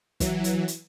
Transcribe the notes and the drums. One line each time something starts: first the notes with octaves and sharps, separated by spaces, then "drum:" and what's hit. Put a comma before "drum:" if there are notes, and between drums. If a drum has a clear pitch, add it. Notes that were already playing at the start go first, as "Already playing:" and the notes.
E3 F#3, drum: kick, hi-hat
drum: hi-hat
drum: hi-hat